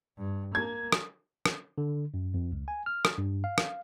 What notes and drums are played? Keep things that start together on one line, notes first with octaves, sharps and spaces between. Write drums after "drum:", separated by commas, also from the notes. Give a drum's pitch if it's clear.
G2
A#3 G#6
drum: rim click
drum: rim click
D3
F#2
F2
C#2
G#5
F6
drum: rim click
G2
F5
drum: rim click